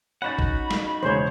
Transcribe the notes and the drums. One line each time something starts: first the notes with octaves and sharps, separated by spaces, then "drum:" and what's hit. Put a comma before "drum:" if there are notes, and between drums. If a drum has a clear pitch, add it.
C#4 D#4 F#4 D#5 F#5 B5 A6
drum: kick A1
drum: snare
E1 C#3 G#3 C5 C#5